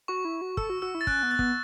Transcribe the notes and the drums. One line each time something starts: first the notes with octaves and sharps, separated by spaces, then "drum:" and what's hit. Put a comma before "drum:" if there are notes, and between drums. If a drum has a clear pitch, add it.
F#4 C#6
E4
F#4
A4 E6, drum: kick
F#4
F#4 E6
E4
A6
C#4 F#6, drum: kick
B3
A6
B3, drum: kick